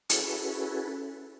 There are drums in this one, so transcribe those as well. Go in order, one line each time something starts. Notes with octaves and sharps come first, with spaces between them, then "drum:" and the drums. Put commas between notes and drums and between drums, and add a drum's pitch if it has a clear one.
C#4 E4 F#4 G#4 A4 B4, drum: hi-hat